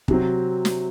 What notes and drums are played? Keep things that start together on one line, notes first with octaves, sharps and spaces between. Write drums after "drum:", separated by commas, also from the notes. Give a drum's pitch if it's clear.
C3 F#3 C4, drum: kick
drum: snare